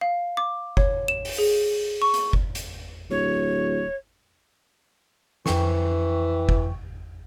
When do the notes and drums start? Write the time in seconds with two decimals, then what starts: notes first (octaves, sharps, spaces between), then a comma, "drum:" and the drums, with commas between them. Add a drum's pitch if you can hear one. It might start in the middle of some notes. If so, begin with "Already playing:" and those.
0.01 F5
0.37 D6
0.77 C#5, drum: kick F#1
1.08 E7
1.25 drum: open hi-hat
1.38 G#4
2.02 C#6
2.14 drum: hi-hat
2.33 drum: kick F#1
2.55 drum: hi-hat
3.10 D1 C#5
5.46 F2 E3 G5 C#6, drum: snare
6.49 drum: kick F#1